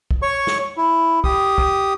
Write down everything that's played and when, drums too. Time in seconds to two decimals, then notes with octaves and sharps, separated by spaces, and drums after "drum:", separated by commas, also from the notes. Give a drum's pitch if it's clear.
0.11 drum: kick
0.22 C#5 C#6
0.47 drum: snare
0.77 E4
1.24 G4 D#6, drum: kick
1.58 drum: kick